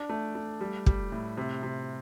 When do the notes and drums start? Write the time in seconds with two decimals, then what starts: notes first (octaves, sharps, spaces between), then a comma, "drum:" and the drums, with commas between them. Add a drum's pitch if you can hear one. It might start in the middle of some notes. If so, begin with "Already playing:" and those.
Already playing: D4
0.09 A3
0.35 A3
0.61 G3
0.86 G3, drum: kick
1.12 A2
1.37 C3
1.63 C3